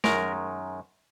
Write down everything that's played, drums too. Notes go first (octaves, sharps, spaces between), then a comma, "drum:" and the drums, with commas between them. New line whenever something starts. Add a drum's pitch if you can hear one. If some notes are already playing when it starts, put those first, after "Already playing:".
F#2 D#3 G#3 A#4, drum: snare